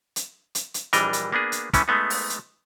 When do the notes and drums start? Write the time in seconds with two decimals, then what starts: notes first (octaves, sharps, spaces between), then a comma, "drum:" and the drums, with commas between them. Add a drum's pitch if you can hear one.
0.16 drum: hi-hat
0.55 drum: hi-hat
0.74 drum: hi-hat
0.93 A#1 E3 G3 D4 A#4 D#5, drum: hi-hat
1.13 drum: hi-hat
1.32 A#3 B3 D4 G#4
1.52 drum: hi-hat
1.73 E3 A3 B3 C#4 E4, drum: kick, hi-hat
1.88 G#3 A3 B3 D#4
2.10 drum: open hi-hat
2.30 drum: hi-hat